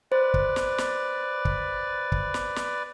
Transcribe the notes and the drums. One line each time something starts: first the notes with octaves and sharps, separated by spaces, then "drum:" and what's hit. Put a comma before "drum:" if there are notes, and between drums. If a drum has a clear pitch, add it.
B4 C5 D5
drum: kick
drum: snare
drum: snare
drum: kick
drum: kick
drum: snare
drum: snare